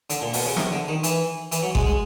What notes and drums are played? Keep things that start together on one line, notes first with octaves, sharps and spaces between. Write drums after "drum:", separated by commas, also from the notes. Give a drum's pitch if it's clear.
D3, drum: hi-hat
A#2
B2, drum: open hi-hat
C#3
C3, drum: snare
D3
D#3
E3, drum: hi-hat
E3, drum: hi-hat
F#3
G#3, drum: kick G1
G#3